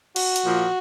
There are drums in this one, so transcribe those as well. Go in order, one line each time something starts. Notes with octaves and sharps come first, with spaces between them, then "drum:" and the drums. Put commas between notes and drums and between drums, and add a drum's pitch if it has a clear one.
F#4, drum: cymbal
drum: hi-hat
A#2 F3